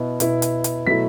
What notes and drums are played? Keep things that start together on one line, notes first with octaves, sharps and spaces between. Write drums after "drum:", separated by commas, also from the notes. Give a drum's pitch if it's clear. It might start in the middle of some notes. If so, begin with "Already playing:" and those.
Already playing: B2 B3 E4
B2 B3 E4, drum: hi-hat
drum: hi-hat
drum: hi-hat
B2 F#3 A3 E4 B6